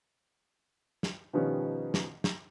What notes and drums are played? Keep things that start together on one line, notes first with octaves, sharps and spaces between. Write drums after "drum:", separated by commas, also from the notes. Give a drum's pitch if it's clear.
drum: snare
B2 D#3 F3 G3 B3 C#4
drum: snare
drum: snare